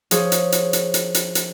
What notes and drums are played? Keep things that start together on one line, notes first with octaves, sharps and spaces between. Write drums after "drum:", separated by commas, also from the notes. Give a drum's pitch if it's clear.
F3 G#4 C#5, drum: hi-hat
drum: hi-hat
drum: hi-hat
drum: hi-hat
drum: hi-hat
drum: hi-hat
drum: hi-hat